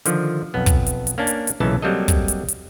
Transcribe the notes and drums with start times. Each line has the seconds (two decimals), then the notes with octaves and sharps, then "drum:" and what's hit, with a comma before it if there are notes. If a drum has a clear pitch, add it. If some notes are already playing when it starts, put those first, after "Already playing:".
0.06 D3 D#3 F3, drum: hi-hat
0.54 B1 F2 B3
0.66 drum: kick, hi-hat
0.86 drum: hi-hat
1.07 drum: hi-hat
1.18 A#3 C#4 D4
1.27 drum: hi-hat
1.47 drum: hi-hat
1.60 B1 A#2 C#3 E3 C#4 A5
1.82 F#3 G3 A#3 C4 A4 D#5
2.08 drum: kick, hi-hat
2.28 drum: hi-hat
2.48 drum: hi-hat